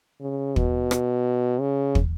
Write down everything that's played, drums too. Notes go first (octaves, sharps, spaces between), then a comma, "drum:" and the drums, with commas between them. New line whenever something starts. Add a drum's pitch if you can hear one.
C#3
B2, drum: kick
drum: rim click
C#3
drum: kick